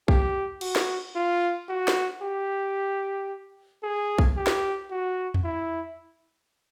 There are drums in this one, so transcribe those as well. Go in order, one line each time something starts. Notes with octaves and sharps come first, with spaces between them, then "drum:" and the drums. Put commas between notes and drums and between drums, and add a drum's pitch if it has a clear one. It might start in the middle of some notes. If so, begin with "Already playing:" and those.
G4, drum: kick
F#4, drum: cymbal
drum: snare
F4
F#4
drum: snare
G4
G#4
drum: kick
G4
drum: snare
F#4
drum: tom E2
E4